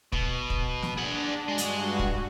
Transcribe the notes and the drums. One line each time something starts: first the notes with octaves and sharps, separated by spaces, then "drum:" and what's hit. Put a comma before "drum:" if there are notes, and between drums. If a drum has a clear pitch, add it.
B2, drum: kick
drum: kick
drum: snare
D4 G#4 F#5
G2 G#3 F#4
drum: hi-hat
drum: kick